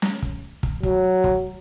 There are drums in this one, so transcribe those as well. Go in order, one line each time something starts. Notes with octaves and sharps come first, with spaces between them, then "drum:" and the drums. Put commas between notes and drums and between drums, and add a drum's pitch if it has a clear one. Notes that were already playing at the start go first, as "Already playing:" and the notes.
drum: snare
drum: kick
drum: kick
F#3, drum: kick
drum: kick